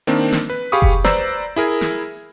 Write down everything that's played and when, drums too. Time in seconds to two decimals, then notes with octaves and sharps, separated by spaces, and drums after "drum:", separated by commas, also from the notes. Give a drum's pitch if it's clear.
0.07 D#3 A#3 C4 D4
0.32 drum: snare
0.50 B4
0.72 G4 G#4 F5 B5 C#6 D#6
0.82 drum: kick F1
1.04 B4 C5 D5 A#5 E6, drum: snare
1.56 E4 G#4 A#4
1.81 drum: snare